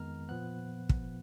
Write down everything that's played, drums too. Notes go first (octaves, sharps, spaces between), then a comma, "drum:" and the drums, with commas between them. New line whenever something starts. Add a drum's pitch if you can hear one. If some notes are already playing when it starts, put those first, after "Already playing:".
Already playing: F2 D#3 G#3 B3 A#5 F6
A#2 F3 B3 F#6
drum: kick